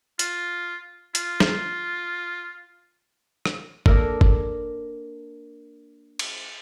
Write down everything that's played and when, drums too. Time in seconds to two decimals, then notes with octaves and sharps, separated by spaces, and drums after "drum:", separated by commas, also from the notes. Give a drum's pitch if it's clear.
0.19 F4, drum: hi-hat
1.15 F4, drum: hi-hat
1.40 drum: snare
3.45 drum: rim click
3.86 A#3 D4 A4 A#4, drum: kick
4.21 drum: kick
6.19 drum: cymbal